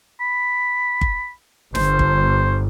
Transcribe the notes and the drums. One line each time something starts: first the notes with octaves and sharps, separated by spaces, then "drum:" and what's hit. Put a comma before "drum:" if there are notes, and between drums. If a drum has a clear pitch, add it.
B5
drum: kick G1
G1 C5, drum: snare
drum: kick G1